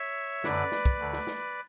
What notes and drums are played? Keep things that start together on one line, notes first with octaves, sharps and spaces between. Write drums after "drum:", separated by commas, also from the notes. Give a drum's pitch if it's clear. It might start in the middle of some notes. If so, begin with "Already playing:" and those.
Already playing: C#5 E5
F#2 D3 B4 D5, drum: snare
drum: snare
drum: kick
D2 D3
drum: snare
drum: snare